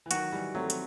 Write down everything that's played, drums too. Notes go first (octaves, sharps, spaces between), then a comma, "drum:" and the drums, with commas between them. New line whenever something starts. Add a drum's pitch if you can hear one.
E3
D#3 F#3 F#4, drum: hi-hat
E3 G3
F#3 A3 C4
drum: hi-hat